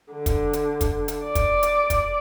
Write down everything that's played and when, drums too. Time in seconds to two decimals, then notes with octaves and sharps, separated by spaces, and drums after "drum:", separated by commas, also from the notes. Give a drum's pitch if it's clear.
0.12 D3
0.26 drum: kick, hi-hat
0.53 drum: hi-hat
0.81 drum: kick, hi-hat
1.08 drum: hi-hat
1.25 D5
1.35 drum: kick, hi-hat
1.63 drum: hi-hat
1.90 drum: kick, hi-hat